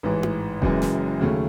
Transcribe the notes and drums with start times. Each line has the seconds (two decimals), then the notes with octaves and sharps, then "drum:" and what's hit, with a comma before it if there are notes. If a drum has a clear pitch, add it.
0.03 A1 G#2 E3
0.23 drum: tom E4
0.62 F#1 F#2 E3 G#3, drum: kick E1
0.82 drum: snare
1.21 D#2 C#3 F#3 A3